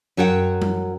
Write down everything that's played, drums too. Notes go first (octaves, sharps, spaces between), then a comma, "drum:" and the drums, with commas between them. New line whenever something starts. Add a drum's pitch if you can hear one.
F#2 F#4 C#5 F#5 G5
drum: tom F#3